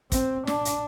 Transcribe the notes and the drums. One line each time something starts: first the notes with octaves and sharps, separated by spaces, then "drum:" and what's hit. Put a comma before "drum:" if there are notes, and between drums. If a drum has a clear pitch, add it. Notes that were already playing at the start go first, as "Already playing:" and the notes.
C4, drum: kick, hi-hat
D4, drum: snare
drum: hi-hat